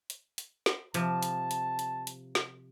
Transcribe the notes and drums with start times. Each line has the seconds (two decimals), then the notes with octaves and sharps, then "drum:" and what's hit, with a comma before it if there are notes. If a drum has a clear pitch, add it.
0.10 drum: hi-hat
0.38 drum: hi-hat
0.66 drum: snare
0.94 C3 F3 A5, drum: hi-hat
1.23 drum: hi-hat
1.51 drum: hi-hat
1.79 drum: hi-hat
2.07 drum: hi-hat
2.35 drum: snare